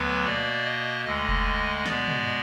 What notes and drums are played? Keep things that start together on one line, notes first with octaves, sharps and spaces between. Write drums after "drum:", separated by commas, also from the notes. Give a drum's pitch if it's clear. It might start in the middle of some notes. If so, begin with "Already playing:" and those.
Already playing: D2 D3 F#3 B3 B4
B2 A#3 D5
D#5
D2 D3 G#3 D#5
drum: kick F1
B2 G#3 B3 D5, drum: snare
drum: tom